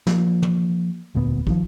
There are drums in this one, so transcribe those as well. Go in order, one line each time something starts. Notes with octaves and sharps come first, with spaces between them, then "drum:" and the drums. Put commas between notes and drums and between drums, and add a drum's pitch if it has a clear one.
F3 A#3, drum: snare
drum: tom
E1 D2 A#2 B3
D#3 F3, drum: kick